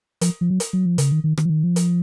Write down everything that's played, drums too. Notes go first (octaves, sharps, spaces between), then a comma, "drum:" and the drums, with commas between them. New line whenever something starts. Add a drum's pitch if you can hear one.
F3, drum: hi-hat
F3
F#3
drum: hi-hat
F#3
F3
C#3, drum: hi-hat
D#3
D#3
D#3, drum: rim click
F3
D#3
F3
drum: hi-hat